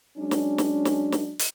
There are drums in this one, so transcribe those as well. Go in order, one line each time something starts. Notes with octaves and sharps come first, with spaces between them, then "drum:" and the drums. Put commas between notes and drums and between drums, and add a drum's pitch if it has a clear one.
F#3 G#3 C#4 D4
drum: snare
drum: snare
drum: snare
drum: snare
drum: hi-hat